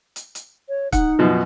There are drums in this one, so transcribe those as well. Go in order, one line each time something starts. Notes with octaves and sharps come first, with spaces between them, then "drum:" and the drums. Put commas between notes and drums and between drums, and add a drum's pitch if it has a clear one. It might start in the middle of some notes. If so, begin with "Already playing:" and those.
drum: hi-hat
drum: hi-hat
C#5
D#4 F#5, drum: kick, hi-hat
F#2 B2 F3